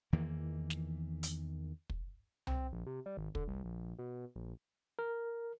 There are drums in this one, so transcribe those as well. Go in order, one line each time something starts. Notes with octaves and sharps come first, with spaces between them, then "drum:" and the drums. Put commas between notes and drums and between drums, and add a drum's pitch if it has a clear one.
E2 D#3 E3 A#3
drum: snare
drum: hi-hat
drum: kick
C4, drum: tom C2
A#1
C3
G3
G#1
D3, drum: kick
C2
A#1
B2
A#1
A#4